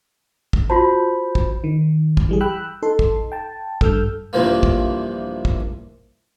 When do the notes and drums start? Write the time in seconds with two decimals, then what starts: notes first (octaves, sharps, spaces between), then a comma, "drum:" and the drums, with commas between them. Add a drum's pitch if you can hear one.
0.53 drum: kick
0.70 F4 F#4 C5 A5 B5
1.35 drum: kick
1.64 D#3
2.17 drum: kick
2.29 E3 G3 G#4
2.41 G5 B5 E6 F#6
2.83 D#4 A4 C6
2.99 drum: kick
3.32 G5 A5
3.81 G2 A4 E6 F6 G6, drum: kick
4.33 A#1 G2 C3 E3 F3 A#3
4.63 drum: kick
5.45 drum: kick